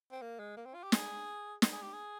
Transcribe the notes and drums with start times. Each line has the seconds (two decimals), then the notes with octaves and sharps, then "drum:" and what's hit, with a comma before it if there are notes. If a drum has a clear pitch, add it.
0.12 C4
0.22 A#3
0.39 G#3
0.57 A#3
0.66 C4
0.75 F4
0.83 G4
0.92 G#4, drum: snare
1.62 drum: snare
1.72 G#4
1.82 G4
1.93 G#4